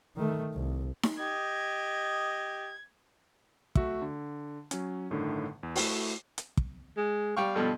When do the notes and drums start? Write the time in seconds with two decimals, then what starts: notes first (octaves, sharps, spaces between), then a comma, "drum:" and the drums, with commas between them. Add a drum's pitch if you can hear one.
0.16 D#3 A3
0.54 C2
1.03 drum: snare D#4
1.19 G4 D#5 G#6
3.75 A3 F#4 E5, drum: kick
4.02 D3
4.71 F#3 C#4, drum: hi-hat
5.10 G1 A2 D3 D#3
5.63 E2
5.76 A3 E4 F#4, drum: open hi-hat
6.38 drum: hi-hat
6.57 drum: kick
6.97 G#3
7.37 G3 F5 G5 C#6
7.56 G2 B2 F3 A4